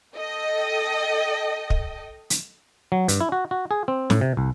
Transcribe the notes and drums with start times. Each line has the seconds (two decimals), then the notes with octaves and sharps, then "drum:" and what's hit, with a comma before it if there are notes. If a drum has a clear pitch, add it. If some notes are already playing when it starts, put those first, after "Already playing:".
0.17 A4 D#5 G5
1.70 drum: kick
2.30 drum: hi-hat
2.92 F#3
3.08 G2, drum: hi-hat
3.21 E4
3.32 F#4
3.51 F#4
3.71 G#4
3.88 C4
4.10 A2, drum: snare
4.21 C3
4.37 C2